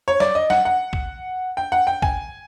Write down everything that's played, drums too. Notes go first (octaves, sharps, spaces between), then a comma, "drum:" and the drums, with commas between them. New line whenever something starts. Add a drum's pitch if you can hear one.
C#5
D5, drum: snare
D#5
F#5, drum: snare
F#5
drum: kick B1
G5
F#5
G5
G#5, drum: kick B1